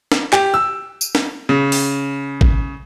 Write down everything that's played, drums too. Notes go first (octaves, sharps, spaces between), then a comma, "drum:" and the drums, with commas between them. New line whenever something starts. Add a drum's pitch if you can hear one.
drum: snare
G4, drum: clap
E6
drum: tambourine
drum: snare
C#3
drum: open hi-hat
drum: kick